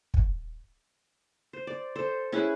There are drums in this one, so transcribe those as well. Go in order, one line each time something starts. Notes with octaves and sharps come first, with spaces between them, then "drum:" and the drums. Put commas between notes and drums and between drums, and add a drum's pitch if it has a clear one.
drum: kick
C5
D5
A4 C5
C#4 E4 G#4 B4